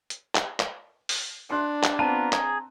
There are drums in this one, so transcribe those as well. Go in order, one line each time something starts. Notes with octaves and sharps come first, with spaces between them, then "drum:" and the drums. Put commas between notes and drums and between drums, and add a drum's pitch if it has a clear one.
drum: hi-hat
drum: clap
drum: clap
drum: open hi-hat
D4 C6 F#6
drum: clap
B3 C4 F4 A5 A#5 D#7
G#4, drum: clap